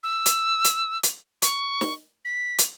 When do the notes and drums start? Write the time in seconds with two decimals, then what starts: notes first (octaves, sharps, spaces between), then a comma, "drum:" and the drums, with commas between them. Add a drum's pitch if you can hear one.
0.03 E6
0.26 drum: hi-hat
0.65 drum: hi-hat
1.03 drum: hi-hat
1.42 C#6, drum: hi-hat
1.81 drum: snare
2.25 B6
2.59 drum: hi-hat